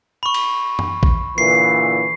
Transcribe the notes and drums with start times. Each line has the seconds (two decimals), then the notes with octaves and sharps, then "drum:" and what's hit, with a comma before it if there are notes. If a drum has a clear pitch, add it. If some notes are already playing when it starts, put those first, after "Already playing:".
0.23 B5 C#6
0.34 drum: cymbal
0.79 drum: tom F#2
1.03 drum: kick
1.38 A#2 D3 E3 C7